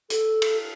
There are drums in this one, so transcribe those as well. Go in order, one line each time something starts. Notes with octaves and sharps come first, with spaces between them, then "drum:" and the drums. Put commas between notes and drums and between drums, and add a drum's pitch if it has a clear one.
A4, drum: hi-hat
drum: cymbal